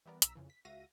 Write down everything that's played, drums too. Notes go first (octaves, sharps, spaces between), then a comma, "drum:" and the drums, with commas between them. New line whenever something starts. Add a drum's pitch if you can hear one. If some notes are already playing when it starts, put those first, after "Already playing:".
E3 G3 B3 A#4 D5
B1 A#5 E6 B6, drum: hi-hat
F2 C#3 E3
B6
C#2 F#4 E5 F5 A#6 D#7